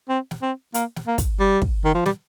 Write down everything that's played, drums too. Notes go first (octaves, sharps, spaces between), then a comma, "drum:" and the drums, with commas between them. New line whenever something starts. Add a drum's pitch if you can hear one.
C4
drum: snare
C4
A#3, drum: hi-hat
drum: snare
A#3
drum: kick, hi-hat
G3
drum: kick
D#3
F3
G3, drum: snare